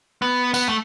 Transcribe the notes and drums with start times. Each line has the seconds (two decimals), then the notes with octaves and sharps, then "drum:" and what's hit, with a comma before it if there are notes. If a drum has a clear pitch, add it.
0.22 B3
0.54 B3, drum: tambourine
0.69 A3